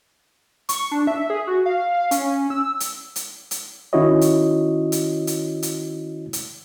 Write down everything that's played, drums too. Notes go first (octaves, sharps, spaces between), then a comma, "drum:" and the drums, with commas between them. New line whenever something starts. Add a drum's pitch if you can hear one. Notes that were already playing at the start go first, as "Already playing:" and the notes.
C#6, drum: hi-hat
D4
E5
G#4
F#4
F5
F5
C#4, drum: hi-hat
E6
drum: hi-hat
drum: hi-hat
drum: hi-hat
D#3 C#4 E4 F#4 C#5 D#5
drum: hi-hat
drum: hi-hat
drum: hi-hat
drum: hi-hat
drum: hi-hat